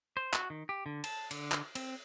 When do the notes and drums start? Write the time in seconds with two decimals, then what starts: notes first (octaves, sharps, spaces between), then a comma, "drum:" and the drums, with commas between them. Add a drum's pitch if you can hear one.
0.17 C5
0.34 F#4, drum: clap
0.50 D#3
0.69 G4
0.86 D3
1.04 A5, drum: cymbal
1.31 D3, drum: cymbal
1.52 drum: clap
1.75 C4, drum: cymbal